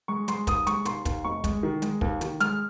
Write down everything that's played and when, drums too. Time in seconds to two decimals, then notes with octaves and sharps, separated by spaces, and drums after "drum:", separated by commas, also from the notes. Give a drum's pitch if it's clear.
0.08 G#3 C#6
0.28 G#3 C6, drum: hi-hat
0.47 D#2 D#6, drum: kick, hi-hat
0.67 G#3 C#6, drum: hi-hat
0.85 D#2 C6, drum: hi-hat
1.05 D#2, drum: kick, hi-hat
1.24 F1 C#6
1.44 G#3, drum: kick, hi-hat
1.63 D#3
1.82 G#3, drum: hi-hat
2.01 D#2, drum: kick
2.21 D#3, drum: hi-hat
2.40 G#3 F6, drum: hi-hat